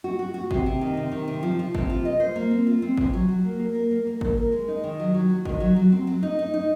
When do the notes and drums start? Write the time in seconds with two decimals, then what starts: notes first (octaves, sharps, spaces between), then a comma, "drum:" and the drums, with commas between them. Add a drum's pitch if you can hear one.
0.04 F#4
0.19 F#4
0.34 F#4
0.51 C3, drum: kick G#1
0.66 C3
0.81 D#3
0.97 C3
1.12 D#3
1.28 C3
1.43 F3
1.59 F3
1.75 C3, drum: kick G#1
1.90 F4
2.05 D#5
2.20 C5
2.36 A#3
2.51 C4
2.67 F4
2.82 C4
2.97 C3, drum: kick G#1
3.13 F#3
3.29 F#3
3.44 A#3
3.60 A#3
3.75 A#4
3.91 A#3
4.07 A#3
4.21 A#4, drum: kick G#1
4.37 A#4
4.52 G#3
4.68 D#4
4.84 D#3
5.00 F#3
5.14 F#3
5.30 F#4
5.45 D#3, drum: kick G#1
5.60 F#3
5.76 F#3
5.92 C4
6.07 F#3
6.23 D#4
6.39 D#4
6.54 D#4